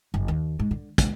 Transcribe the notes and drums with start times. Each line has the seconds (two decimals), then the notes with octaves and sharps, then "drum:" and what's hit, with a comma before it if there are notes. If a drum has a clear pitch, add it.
0.14 F#1
0.28 D#2
0.59 G#2
0.71 D3
0.98 C#2, drum: kick, hi-hat